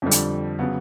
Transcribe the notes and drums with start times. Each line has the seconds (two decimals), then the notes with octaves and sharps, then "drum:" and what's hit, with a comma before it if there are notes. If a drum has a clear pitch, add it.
0.02 F2 D3 G3
0.11 drum: hi-hat
0.59 C#3 F#3 B3